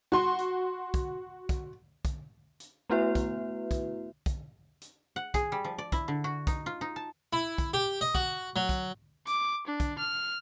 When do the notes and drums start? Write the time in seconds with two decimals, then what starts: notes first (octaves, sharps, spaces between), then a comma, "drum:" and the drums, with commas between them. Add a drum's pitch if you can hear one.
0.12 F#4 C6
0.38 drum: hi-hat
0.94 drum: kick, hi-hat
1.49 drum: kick, hi-hat
2.05 drum: kick, hi-hat
2.60 drum: hi-hat
2.90 A3 B3 E4 F#4 B4 E5
3.15 drum: kick, hi-hat
3.71 drum: kick, hi-hat
4.26 drum: kick, hi-hat
4.81 drum: hi-hat
5.16 F#5
5.34 G#4, drum: kick, hi-hat
5.52 G3
5.64 F3
5.78 D5
5.92 E4, drum: kick, hi-hat
6.08 D3
6.24 F#4
6.47 D#4, drum: kick, hi-hat
6.66 F4
6.81 D#4
6.96 A5
7.33 E4
7.58 drum: kick, hi-hat
7.74 G4
8.01 D#5
8.15 F#4, drum: kick
8.56 F#3
8.69 drum: kick, hi-hat
9.27 D6, drum: hi-hat
9.67 D4
9.80 drum: kick, hi-hat
9.98 F6